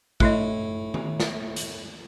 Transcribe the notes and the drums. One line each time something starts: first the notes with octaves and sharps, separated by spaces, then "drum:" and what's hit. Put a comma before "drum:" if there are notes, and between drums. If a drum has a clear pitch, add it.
A2 A3 E4 D#5, drum: kick
drum: tom D#3
drum: snare
drum: hi-hat